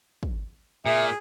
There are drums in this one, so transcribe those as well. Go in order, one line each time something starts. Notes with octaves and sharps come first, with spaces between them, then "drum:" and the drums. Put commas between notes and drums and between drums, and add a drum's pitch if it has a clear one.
drum: kick
A#2 G#4 E5